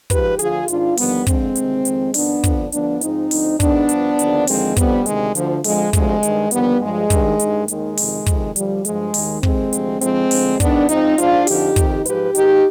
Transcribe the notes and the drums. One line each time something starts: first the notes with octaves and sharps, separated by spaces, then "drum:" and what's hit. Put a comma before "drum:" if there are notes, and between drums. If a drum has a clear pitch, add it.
G#2 F3 G4 B4, drum: kick, hi-hat
D2 D3 F3 F4 G#4, drum: hi-hat
G#2 D#3 D4 F4, drum: hi-hat
D#2 D3 F3 G3 B3, drum: open hi-hat
F2 D3 F3 G#3 C4, drum: kick, hi-hat
D2 C3 D#3, drum: hi-hat
F2 D#3, drum: hi-hat
F2 D#3 B3 D4, drum: open hi-hat
F2 D3 F3, drum: kick, hi-hat
D2 D3 F3 B3 D4, drum: hi-hat
G#2 F3 C4 D#4, drum: hi-hat
D2 D3 F3, drum: open hi-hat
G#2 D#3 B3 D4, drum: kick, hi-hat
G2 F3, drum: hi-hat
D#2 D3 F3, drum: hi-hat
D#2 D3 F3 G#3 C4, drum: open hi-hat
F2 D3 F3 G3 B3, drum: kick, hi-hat
D2 C3 D#3 G#3, drum: hi-hat
D2 D3 F3, drum: hi-hat
F2 D3 F3 G#3, drum: open hi-hat
D2 C3 F3 G#3, drum: kick, hi-hat
G2 D#3, drum: hi-hat
D#2 D3 F3 G3 B3, drum: hi-hat
G2 F3 G#3
G2 D#3, drum: kick, hi-hat
G2 D#3, drum: hi-hat
D#2 D#3 G#3, drum: hi-hat
F2 C3 D#3, drum: open hi-hat
F2 C3 D#3, drum: kick, hi-hat
D2 D3 F3 G3, drum: hi-hat
G2 F3 G#3, drum: hi-hat
D#2 D#3, drum: open hi-hat
F2 C3 D#3 G#3 C4, drum: kick
D2 C3 F3, drum: hi-hat
F2 D3 F3 G#3 C4, drum: hi-hat
D2 D3 F3, drum: open hi-hat
G#2 D#3 B3 D4, drum: kick, hi-hat
G#2 F3 C4 D#4, drum: hi-hat
G#2 F3 D4 F4, drum: hi-hat
F2 D3 F3 D#4 G4, drum: open hi-hat
F2 C3 D#3, drum: kick, hi-hat
G#2 F3 G4 B4, drum: hi-hat
G#2 D#3 D#4 G4, drum: hi-hat